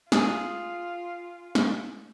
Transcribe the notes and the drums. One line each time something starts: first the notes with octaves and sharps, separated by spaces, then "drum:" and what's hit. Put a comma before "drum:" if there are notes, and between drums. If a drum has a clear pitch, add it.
F4 G#4, drum: snare
drum: snare